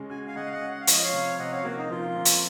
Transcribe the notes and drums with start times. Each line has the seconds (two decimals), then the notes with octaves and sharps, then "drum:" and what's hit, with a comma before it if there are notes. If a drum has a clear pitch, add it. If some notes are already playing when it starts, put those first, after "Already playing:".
Already playing: C#3 G#3 C#4
0.10 F#4 G#5
0.27 F5 G#5
0.35 C#3 D#5 F#5
0.46 F5
0.52 D#5 F#5
0.61 C#4
0.70 F#5
0.80 F5
0.87 F3 D#5, drum: hi-hat
1.03 C#5 F5
1.13 C3
1.39 C3 D#5 F#5
1.51 C#5 F5
1.64 A#3 F#4
1.77 D#4
1.90 F3 F4
2.16 C3
2.25 drum: hi-hat